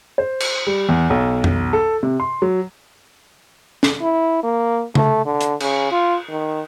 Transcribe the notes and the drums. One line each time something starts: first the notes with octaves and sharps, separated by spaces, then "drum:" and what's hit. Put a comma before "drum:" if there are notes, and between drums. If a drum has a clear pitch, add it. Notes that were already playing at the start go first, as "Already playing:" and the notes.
C5
drum: cymbal
G3
E2
B1
drum: tom F2
A4
C3
C6
F#3
drum: snare
E4
A#3
A3, drum: tom C#3
D3
drum: hi-hat
C#3, drum: cymbal
F4
D#3